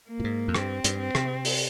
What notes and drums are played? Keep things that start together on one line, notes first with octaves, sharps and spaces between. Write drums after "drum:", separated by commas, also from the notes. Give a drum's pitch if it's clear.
A#3
A#2
G#2
F2
G2 C4, drum: rim click
G2, drum: hi-hat
C4
C3, drum: rim click
drum: open hi-hat